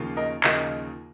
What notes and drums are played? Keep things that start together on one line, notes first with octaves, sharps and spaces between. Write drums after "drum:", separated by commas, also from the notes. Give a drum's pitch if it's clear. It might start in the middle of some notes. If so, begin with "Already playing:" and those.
Already playing: D#2 C#3 F3 A#3 F4
A#4 D#5
D#2 C#3 F3 A#3 F4 A#4 D#5, drum: clap